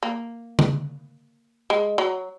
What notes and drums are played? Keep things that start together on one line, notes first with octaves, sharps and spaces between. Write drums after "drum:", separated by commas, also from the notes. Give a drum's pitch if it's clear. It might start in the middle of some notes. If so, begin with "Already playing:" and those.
A#3
drum: tom C#3
G#3
F#3